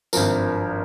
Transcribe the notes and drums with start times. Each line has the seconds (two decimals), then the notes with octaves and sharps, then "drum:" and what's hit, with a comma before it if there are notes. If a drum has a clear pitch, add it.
0.13 G#1 G2 F3 A#4, drum: tambourine